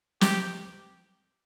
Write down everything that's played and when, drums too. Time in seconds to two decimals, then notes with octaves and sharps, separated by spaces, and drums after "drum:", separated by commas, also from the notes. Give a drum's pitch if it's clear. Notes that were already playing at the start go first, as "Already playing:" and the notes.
0.21 G4, drum: snare